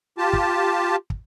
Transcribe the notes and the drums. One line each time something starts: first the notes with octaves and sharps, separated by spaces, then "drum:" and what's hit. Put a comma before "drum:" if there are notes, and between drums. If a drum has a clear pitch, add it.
F4 G4 A5
drum: kick
drum: kick